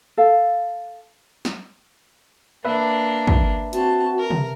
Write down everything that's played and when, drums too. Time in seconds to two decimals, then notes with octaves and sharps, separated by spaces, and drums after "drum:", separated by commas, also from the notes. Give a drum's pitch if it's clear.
0.17 A4 F5
1.45 drum: snare
2.65 A#3 D4 B4 E5
3.27 drum: kick
3.73 C4 F#4 A5, drum: hi-hat
4.19 A#4
4.31 drum: tom C3